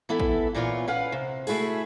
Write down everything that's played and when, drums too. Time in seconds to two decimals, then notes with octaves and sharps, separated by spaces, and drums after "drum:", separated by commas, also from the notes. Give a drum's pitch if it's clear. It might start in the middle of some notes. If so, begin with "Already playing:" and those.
0.09 E3 B3 E4 A4
0.20 drum: kick
0.55 A#2 E3 B3 F4 C#5
0.88 C#4 B4 F5 F#5
1.12 C3
1.47 A3 E4 F#4 G#4, drum: open hi-hat